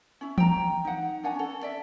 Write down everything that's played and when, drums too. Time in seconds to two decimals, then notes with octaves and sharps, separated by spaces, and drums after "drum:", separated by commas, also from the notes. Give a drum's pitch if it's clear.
0.21 C#4 E4
0.38 G5 A#5, drum: tom E3
0.85 D#4 F#5
1.23 D4 C#5 F#5 G#5
1.35 C#4 A4
1.63 D5 E5